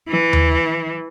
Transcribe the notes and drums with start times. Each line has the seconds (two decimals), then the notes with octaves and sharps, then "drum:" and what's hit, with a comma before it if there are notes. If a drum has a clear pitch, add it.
0.08 E3
0.33 drum: tom D#2